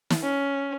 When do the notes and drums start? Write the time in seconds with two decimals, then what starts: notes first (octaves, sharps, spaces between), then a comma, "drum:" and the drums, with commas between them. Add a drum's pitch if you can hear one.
0.10 drum: snare
0.22 C#4